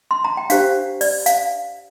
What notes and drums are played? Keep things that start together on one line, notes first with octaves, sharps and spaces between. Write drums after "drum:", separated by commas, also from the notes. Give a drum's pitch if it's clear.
C6
A#5
G5
D4 G4 C5 F5, drum: hi-hat
D5, drum: open hi-hat
F5, drum: hi-hat